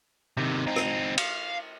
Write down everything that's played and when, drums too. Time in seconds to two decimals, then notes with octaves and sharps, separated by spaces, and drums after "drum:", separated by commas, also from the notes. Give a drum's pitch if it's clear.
0.37 C3 D#3
0.67 C4 D#4
0.76 drum: rim click
1.18 F5, drum: cymbal